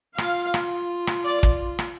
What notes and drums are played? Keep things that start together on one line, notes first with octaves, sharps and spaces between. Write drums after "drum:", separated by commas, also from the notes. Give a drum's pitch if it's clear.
F4 F5, drum: rim click
drum: rim click
drum: rim click
D5
drum: kick
drum: rim click